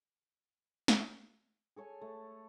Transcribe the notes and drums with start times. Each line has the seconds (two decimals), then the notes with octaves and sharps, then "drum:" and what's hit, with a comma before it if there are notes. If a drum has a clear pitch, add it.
0.88 drum: snare
1.76 G#4 A4 C#5 G#5
2.02 A3